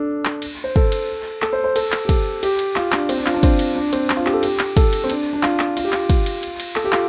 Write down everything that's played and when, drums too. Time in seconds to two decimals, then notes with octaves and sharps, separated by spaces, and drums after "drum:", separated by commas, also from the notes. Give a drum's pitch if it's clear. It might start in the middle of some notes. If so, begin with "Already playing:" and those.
Already playing: D4 A4
0.25 drum: clap
0.42 drum: cymbal
0.64 C5
0.76 A4, drum: kick
0.92 drum: cymbal
1.42 A4, drum: clap
1.53 C5
1.64 C5
1.76 A4, drum: cymbal
1.92 drum: clap
2.05 G4
2.09 A4, drum: kick, cymbal
2.43 G4, drum: cymbal
2.59 drum: cymbal
2.76 F4, drum: clap
2.92 D4, drum: clap
3.09 C4, drum: cymbal
3.18 D4
3.26 F4, drum: clap
3.34 D4
3.43 C4, drum: kick, cymbal
3.59 drum: cymbal
3.75 D4
3.93 C4, drum: cymbal
4.10 D4, drum: clap
4.17 F4
4.26 G4, drum: clap
4.34 A4
4.43 G4, drum: cymbal
4.59 drum: clap
4.77 A4, drum: kick, cymbal
4.93 drum: cymbal
5.04 C4
5.10 D4, drum: cymbal
5.33 D4
5.43 F4, drum: clap
5.59 drum: clap
5.77 F4, drum: cymbal
5.85 G4
5.92 F4, drum: clap
6.09 drum: kick, cymbal
6.26 drum: cymbal
6.43 drum: cymbal
6.60 drum: cymbal
6.76 A4, drum: clap
6.84 G4
6.92 F4, drum: clap